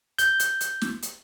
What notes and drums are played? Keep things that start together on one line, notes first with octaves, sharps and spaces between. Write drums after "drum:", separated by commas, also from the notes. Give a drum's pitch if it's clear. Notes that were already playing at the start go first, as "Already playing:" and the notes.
G6, drum: hi-hat
drum: hi-hat
drum: hi-hat
drum: snare
drum: hi-hat